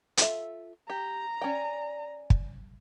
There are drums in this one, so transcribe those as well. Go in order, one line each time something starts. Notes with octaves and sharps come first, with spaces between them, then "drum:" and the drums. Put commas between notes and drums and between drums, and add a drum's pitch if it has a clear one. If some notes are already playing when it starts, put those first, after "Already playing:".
F4 A4 E5, drum: hi-hat
G4 A#5
C#4 D5 G5 G#5
drum: kick